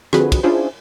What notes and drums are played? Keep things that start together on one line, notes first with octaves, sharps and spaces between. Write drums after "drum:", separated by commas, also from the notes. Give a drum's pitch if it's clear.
D3 F3 C4 F#4 G#4 B4, drum: rim click
drum: kick, cymbal
C#4 D4 E4 F4 G#4 C5